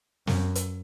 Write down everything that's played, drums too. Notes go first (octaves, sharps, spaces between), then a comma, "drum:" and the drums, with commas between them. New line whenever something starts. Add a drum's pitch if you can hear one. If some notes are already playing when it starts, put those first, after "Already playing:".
F#2, drum: snare
drum: hi-hat